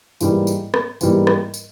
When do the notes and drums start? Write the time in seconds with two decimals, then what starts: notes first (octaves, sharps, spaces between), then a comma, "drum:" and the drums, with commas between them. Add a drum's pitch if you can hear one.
0.21 G#2 E3 G3 A#3, drum: tambourine
0.47 drum: tambourine
0.74 drum: rim click
1.01 G#2 E3 G3 A#3, drum: tambourine
1.27 drum: rim click
1.54 drum: tambourine